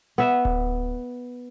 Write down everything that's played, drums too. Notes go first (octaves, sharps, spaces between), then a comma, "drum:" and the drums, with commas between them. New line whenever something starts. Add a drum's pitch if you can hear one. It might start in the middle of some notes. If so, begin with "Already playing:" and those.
B3 E5
drum: kick D1